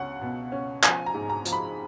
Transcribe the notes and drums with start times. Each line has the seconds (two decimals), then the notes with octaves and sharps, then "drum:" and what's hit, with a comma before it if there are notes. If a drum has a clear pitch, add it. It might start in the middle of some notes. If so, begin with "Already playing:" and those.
Already playing: C#2 C#4 F#5
0.21 B2
0.52 C#4
0.83 F3 G#5, drum: clap
1.06 A#5
1.14 G#2
1.29 A#5
1.45 F3, drum: hi-hat
1.52 B5